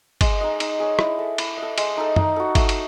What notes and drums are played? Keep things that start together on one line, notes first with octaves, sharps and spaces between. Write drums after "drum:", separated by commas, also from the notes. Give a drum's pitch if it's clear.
G#3, drum: kick, cymbal
D#4 G#4 D#5
D#4, drum: cymbal
G#4 C#5
E4, drum: rim click
A4 E5
E4, drum: cymbal
D#5
A4
G#3, drum: cymbal
D#4 A4
D#4, drum: tom
F#4 A4
A3, drum: kick, cymbal
drum: cymbal